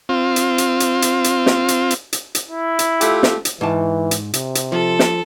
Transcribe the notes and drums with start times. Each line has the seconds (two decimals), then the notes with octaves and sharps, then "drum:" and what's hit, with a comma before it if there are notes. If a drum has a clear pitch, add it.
0.09 C4 F4
0.36 drum: hi-hat
0.58 drum: hi-hat
0.80 drum: hi-hat
1.02 drum: hi-hat
1.24 drum: hi-hat
1.46 drum: snare
1.68 drum: hi-hat
1.91 drum: hi-hat
2.13 drum: hi-hat
2.35 drum: hi-hat
2.49 E4
2.79 drum: hi-hat
3.01 A3 F4 G4, drum: hi-hat
3.23 drum: snare
3.45 drum: hi-hat
3.61 G#2 E3 A5
4.11 drum: hi-hat
4.34 C3, drum: hi-hat
4.55 drum: hi-hat
4.72 F3 A4
4.99 drum: snare